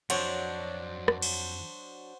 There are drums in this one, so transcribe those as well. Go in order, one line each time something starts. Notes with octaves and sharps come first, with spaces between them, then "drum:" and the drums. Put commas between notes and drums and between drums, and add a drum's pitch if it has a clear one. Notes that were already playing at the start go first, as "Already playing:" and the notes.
F2 F#3 D4 F#4 C5 C#5 D#5, drum: cymbal
drum: rim click
drum: cymbal